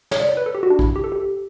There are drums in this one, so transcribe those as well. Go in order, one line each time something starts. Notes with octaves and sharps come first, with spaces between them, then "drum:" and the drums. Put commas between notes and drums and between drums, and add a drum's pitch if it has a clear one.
C#5, drum: snare
D5
C#5
B4
A4
G4
F#4
D4
E4, drum: kick A#1
G4
A4
G4